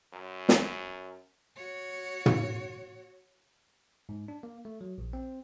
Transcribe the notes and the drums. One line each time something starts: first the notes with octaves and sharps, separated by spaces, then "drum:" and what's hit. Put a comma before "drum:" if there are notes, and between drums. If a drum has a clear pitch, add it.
F#2
drum: snare
F#4 C#5
drum: tom
G#2
D4
A#3
A3
F#3
A#1
C4